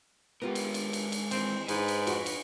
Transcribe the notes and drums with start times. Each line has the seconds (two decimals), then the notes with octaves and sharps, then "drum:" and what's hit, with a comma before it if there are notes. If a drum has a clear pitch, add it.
0.42 G#3 B3 F4 G4 A#4
0.55 drum: cymbal
0.74 drum: cymbal
0.93 drum: cymbal
1.12 drum: cymbal
1.31 D#3 E3 C4, drum: cymbal
1.68 G#2 B4, drum: cymbal
1.88 drum: cymbal
2.07 F2 F4 F#4, drum: cymbal
2.26 drum: cymbal